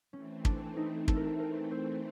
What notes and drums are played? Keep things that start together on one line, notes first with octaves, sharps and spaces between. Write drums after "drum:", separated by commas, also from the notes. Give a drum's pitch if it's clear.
E3 A3 C4 C#4
D4, drum: kick
D#4
A4, drum: kick
A#4
A4
A#4
C5